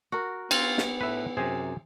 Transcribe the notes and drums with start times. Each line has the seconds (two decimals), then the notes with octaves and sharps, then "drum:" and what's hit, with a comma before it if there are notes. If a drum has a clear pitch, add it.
0.12 F#4 A#4
0.51 B3 C4 F4, drum: cymbal
0.78 drum: snare
1.01 A2 B4 E5
1.37 F#2 C3 G#4 C5